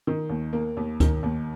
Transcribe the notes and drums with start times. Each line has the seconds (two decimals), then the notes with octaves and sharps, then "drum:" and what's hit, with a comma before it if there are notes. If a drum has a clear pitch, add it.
0.07 D#3
0.29 D#2
0.53 A#3
0.77 D#2
1.00 D#3, drum: kick D2, hi-hat
1.23 D#2